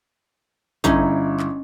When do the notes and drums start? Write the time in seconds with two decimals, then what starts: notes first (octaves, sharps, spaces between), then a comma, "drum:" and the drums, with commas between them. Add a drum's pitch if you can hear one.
0.84 G1 C#4 D#4 E4, drum: kick A1
1.39 drum: clap